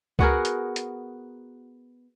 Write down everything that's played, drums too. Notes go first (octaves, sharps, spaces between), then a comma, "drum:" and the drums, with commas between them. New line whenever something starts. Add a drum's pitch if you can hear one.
B3 F#4 G#4 A#4, drum: kick C#2
drum: hi-hat
drum: hi-hat